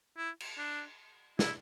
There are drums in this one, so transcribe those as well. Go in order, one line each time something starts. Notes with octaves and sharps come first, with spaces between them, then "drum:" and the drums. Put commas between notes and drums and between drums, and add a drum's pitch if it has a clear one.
E4
drum: cymbal
D4
E4, drum: snare